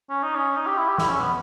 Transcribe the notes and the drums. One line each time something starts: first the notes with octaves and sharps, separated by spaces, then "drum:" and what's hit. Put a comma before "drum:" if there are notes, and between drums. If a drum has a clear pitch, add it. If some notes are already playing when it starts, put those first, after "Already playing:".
C#4
D#4
C#4
D#4
G4
E4
G4
E4, drum: snare
C#4
B3